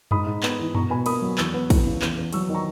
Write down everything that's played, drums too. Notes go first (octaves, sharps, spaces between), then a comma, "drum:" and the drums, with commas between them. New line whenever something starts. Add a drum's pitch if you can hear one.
G#2 B5 D#6, drum: tom F#2
G#2
B3, drum: clap
E3
B2 A#5 C#6, drum: tom F#2
B2 G#5 B5
A#3 B5 D#6, drum: cymbal
F#3
E2 C#6 E6, drum: clap
B3
E3, drum: kick, cymbal
C#3
E2, drum: clap
E2
F#3 C#6 E6, drum: cymbal
D#3
A#5 C#6